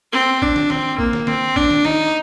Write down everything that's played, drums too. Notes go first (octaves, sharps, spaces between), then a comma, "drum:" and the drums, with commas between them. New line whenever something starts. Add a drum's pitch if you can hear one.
C4
D4, drum: kick
drum: snare
C4, drum: snare
A#3, drum: kick
drum: snare
C4, drum: snare
D4, drum: kick
drum: snare
D#4, drum: snare